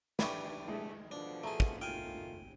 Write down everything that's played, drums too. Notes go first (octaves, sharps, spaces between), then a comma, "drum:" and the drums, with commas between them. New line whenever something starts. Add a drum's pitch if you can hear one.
E3 D4 G4 B5 C#6, drum: snare
G#3 A3 E4
B2 D3 F3 D4
A3 G#4 A5 A#5
drum: kick
D#3 A3 F4 G5 G#5 F6